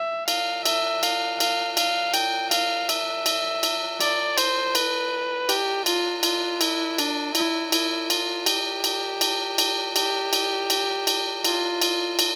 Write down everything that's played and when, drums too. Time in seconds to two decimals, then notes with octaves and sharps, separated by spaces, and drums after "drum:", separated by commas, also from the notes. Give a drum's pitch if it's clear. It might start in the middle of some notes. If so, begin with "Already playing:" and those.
Already playing: E5
0.28 F5, drum: cymbal
0.65 E5, drum: cymbal
1.03 F5, drum: cymbal
1.40 F5, drum: cymbal
1.77 F5, drum: cymbal
2.14 G5, drum: cymbal
2.51 F5, drum: cymbal
2.89 E5, drum: cymbal
3.26 drum: cymbal
3.63 drum: cymbal
4.01 D5, drum: cymbal
4.38 C5, drum: cymbal
4.75 B4, drum: cymbal
5.49 G4, drum: cymbal
5.86 F4, drum: cymbal
6.23 F4, drum: cymbal
6.61 E4, drum: cymbal
6.98 D4, drum: cymbal
7.35 E4, drum: cymbal
7.72 E4, drum: cymbal
8.10 F4, drum: cymbal
8.46 G4, drum: cymbal
8.84 drum: cymbal
9.21 drum: cymbal
9.58 drum: cymbal
9.96 G4, drum: cymbal
10.33 drum: cymbal
10.70 drum: cymbal
11.07 drum: cymbal
11.44 F4, drum: cymbal
11.82 drum: cymbal
12.19 drum: cymbal